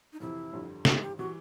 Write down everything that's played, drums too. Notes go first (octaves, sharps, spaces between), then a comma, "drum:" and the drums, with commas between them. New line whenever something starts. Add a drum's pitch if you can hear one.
D#4
F2 C3 E3 E4
G1 F2 D3 G3
G#1 G2 E3 G3 F#4, drum: snare
G#4
G4
E3 G3 F#4